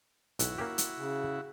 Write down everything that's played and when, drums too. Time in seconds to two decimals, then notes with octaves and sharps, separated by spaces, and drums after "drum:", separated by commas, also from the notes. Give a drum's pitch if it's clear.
0.39 B1 E4 F#4, drum: hi-hat
0.58 A#3 C#4 G4
0.78 drum: hi-hat
0.97 C#3